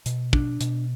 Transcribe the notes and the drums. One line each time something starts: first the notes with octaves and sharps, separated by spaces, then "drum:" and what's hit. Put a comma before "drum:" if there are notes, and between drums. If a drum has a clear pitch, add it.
B2, drum: hi-hat
D4, drum: kick
B2, drum: hi-hat